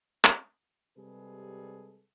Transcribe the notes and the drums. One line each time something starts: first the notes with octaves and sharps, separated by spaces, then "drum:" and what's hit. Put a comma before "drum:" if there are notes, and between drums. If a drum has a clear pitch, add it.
drum: clap
C3 G3 G#3 G#4 A4 B4